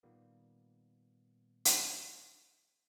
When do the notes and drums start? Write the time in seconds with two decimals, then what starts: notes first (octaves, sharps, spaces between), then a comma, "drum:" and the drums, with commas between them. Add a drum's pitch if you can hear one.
0.03 A#2 D#3 G3 A#3 B3
1.65 drum: hi-hat